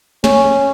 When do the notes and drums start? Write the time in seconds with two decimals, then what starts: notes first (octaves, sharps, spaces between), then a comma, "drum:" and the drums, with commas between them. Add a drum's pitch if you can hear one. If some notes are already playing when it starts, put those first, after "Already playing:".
0.24 C#4, drum: snare